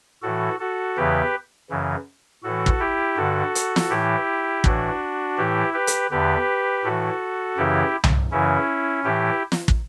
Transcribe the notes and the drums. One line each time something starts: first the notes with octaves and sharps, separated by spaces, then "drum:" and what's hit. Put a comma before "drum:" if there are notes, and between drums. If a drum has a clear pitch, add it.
A2 E3 F#4 A4
F#4 A4
E2 C#3 E3 G4 B4
F#2 C#3 E3
A2 E3 F#4 A4
drum: kick
E4 G4
G2 D3 F#4 A4
drum: hi-hat
drum: snare
A2 E3 E4 G4
A2 E3 D4 F#4, drum: kick
A2 E3 E4 G4
G4 B4
drum: hi-hat
E2 D3 G4 B4
A2 E3 F#4 A4
F#2 C#3 E3 E4 G4
drum: tom C2
F#2 C#3 E3 C#4 E4
A2 E3 E4 G4
drum: snare
drum: kick